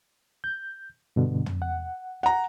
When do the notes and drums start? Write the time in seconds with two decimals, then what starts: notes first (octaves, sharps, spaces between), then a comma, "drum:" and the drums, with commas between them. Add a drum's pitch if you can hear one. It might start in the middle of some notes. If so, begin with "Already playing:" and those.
0.44 G6
1.16 G2 B2 D3
1.46 drum: tom
1.62 F#5
2.23 F#5 A#5